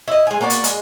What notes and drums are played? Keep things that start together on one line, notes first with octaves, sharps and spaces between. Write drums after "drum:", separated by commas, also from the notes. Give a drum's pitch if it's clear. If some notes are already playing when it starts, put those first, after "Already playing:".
E4 D#5
G#3 G#5
A#3 B3 F#4 D5
drum: hi-hat
G#3, drum: hi-hat